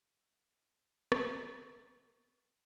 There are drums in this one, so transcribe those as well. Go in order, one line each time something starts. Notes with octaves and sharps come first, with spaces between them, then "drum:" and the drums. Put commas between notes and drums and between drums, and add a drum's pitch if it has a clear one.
drum: rim click
A#4 E5 G#6